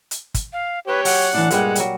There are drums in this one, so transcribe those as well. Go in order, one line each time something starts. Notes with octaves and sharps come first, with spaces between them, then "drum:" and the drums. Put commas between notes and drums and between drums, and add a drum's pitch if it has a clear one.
drum: hi-hat
drum: kick, hi-hat
F5
G4 B4 C#5
F#3 F#5, drum: open hi-hat
A2 E3 D4
C2 G2 A#2 G3 G#3, drum: hi-hat
F#3 G3, drum: hi-hat